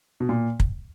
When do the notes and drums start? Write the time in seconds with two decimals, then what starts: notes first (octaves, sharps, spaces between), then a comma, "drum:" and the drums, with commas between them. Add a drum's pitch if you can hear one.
0.20 B2
0.29 A#2
0.60 drum: kick